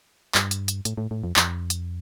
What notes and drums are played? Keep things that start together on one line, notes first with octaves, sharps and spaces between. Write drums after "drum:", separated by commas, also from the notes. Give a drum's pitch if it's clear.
G2, drum: clap
drum: hi-hat
drum: hi-hat
A2, drum: hi-hat
A2
A2
F2
F2, drum: clap
drum: hi-hat